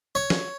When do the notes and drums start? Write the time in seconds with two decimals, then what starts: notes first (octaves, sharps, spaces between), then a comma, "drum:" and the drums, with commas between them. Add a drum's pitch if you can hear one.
0.15 C#5
0.30 drum: snare